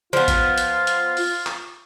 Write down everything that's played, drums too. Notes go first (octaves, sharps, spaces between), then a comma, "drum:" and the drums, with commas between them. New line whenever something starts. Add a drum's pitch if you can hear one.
F3 B3 F4
drum: kick A1, hi-hat
drum: hi-hat
drum: hi-hat
drum: open hi-hat
drum: clap